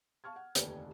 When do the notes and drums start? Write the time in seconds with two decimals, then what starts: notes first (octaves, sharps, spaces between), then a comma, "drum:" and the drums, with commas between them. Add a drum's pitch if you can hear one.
0.24 F5 A5 C#6 F6 G#6
0.36 F#5
0.55 F1 D#2 D3 D#3 B4, drum: hi-hat